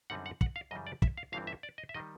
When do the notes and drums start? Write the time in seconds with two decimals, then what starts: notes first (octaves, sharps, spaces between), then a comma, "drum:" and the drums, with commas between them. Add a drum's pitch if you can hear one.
0.10 F#2 D3 G3 C4 D#4 F#5
0.26 F#5
0.41 F#5, drum: kick
0.56 F5
0.71 F#2 C#3 E3 G3 D#5
0.87 D5
1.02 E5, drum: kick
1.17 F5
1.32 G1 G2 E3 G3 C4 F5
1.47 E5
1.63 D5
1.78 D#5
1.89 E5
1.94 D#3 G3 D#5